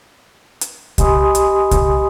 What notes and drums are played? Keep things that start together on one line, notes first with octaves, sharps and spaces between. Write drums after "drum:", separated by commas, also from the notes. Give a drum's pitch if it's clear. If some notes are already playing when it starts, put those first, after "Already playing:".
drum: hi-hat
G4 D#5 G#5 B5 C6 D#6, drum: kick C2, hi-hat
drum: hi-hat
drum: kick C2, hi-hat